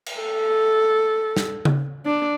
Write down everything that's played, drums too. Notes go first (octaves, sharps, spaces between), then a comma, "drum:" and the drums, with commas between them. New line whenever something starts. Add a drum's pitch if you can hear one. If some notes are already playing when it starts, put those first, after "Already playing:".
drum: cymbal
A4
drum: snare
drum: tom C#3
D4